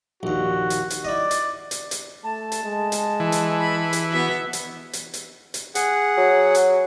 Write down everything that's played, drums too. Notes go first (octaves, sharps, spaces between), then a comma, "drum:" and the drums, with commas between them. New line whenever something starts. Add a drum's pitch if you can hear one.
A#1 D#2 F#4
drum: hi-hat
drum: hi-hat
E4 D5 D#5
drum: hi-hat
drum: hi-hat
drum: hi-hat
A3 A5
drum: hi-hat
G#3
drum: hi-hat
E3
drum: hi-hat
B5
drum: hi-hat
B3 F#4 E5
drum: hi-hat
drum: hi-hat
drum: hi-hat
drum: hi-hat
G#4 F#5, drum: hi-hat
F#3
drum: hi-hat